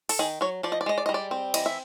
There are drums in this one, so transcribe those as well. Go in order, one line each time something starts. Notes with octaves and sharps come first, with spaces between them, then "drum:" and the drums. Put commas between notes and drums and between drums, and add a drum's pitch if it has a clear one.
A4, drum: open hi-hat
D#3 G#4
F#3 C#5
F3 D5
D#5
D5
G#3 D#5
D5
G3 D#5
D5
C4
E3 D#5, drum: cymbal
E5